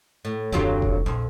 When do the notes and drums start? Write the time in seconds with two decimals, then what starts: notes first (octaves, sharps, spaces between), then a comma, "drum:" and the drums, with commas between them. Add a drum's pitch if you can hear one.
0.25 A2
0.52 D1 F2 D3 F#3 F4 G4
0.82 drum: kick F1
1.06 A#1 F2